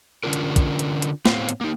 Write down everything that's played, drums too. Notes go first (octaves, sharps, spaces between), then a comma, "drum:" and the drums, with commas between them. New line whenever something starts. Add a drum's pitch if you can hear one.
D3 C#4 D4 F4 A#4
drum: hi-hat
drum: kick, hi-hat
drum: hi-hat
drum: hi-hat
A2 B3 C4 C#5 F5, drum: snare
drum: hi-hat
A#3 D#4